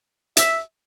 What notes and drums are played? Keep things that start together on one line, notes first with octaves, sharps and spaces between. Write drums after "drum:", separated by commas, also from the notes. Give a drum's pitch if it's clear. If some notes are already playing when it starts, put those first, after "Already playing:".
E5, drum: hi-hat